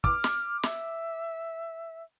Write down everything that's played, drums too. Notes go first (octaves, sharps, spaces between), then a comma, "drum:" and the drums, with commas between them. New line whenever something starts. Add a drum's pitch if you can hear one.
D6 F6, drum: kick
drum: snare
E5, drum: snare